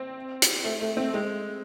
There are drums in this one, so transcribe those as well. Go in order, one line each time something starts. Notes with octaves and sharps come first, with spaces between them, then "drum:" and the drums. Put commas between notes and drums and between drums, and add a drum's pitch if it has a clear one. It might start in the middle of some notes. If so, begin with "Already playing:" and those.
Already playing: C4
drum: hi-hat
A3
A3
C4
G#3